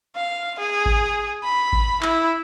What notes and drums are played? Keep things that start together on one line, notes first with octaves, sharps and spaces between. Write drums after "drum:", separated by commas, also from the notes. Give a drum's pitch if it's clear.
F5
G#4
drum: kick G#1
B5
drum: kick G#1
E4, drum: clap